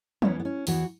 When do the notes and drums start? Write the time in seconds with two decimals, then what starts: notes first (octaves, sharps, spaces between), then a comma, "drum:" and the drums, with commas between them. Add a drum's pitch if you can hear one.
0.22 E2 E3 B3 C#4, drum: tom F3
0.40 B3
0.45 C#4
0.67 E2 E3 B3 F#4, drum: open hi-hat